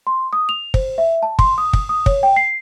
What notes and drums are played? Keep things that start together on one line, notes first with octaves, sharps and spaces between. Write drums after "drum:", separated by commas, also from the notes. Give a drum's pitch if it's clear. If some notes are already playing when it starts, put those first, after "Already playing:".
C6
D#6
F7
C5, drum: kick
E5
A5
C6, drum: kick
D#6
drum: kick
D#6
C#5, drum: kick
G5
C7